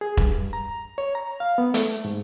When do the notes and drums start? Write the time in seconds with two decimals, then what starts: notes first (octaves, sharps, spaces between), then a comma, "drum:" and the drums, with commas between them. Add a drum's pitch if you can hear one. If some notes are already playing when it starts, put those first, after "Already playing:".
0.01 G#4
0.17 G2, drum: kick E1
0.53 A#5
0.98 C#5
1.15 A#5
1.40 F5
1.58 B3
1.74 A3, drum: hi-hat
2.05 G#2